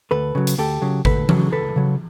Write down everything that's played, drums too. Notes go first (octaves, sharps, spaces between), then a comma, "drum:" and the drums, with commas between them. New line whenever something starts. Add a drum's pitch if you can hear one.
D2 A4 B4
C#3 F#3
drum: hi-hat
D2 G4 A4
C#3 F#3
D2 A4 B4, drum: kick G#1
C#3 F#3, drum: tom E3
C#2 A4 B4
C#3 F#3